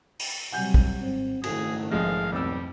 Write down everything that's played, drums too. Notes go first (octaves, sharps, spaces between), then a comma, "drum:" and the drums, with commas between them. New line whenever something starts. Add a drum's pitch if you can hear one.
drum: open hi-hat
C3 F#3 G3 F#5 G#5 G6
drum: kick
G#1 C4
F#1 G#2 D#3 A3 G#4, drum: cymbal
A#1 F3 G#3 F5
B1 F2 G3 E6